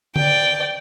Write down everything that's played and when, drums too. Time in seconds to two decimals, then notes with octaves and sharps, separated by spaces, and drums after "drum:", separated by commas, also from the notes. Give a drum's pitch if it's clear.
0.16 D5 G5, drum: tom D3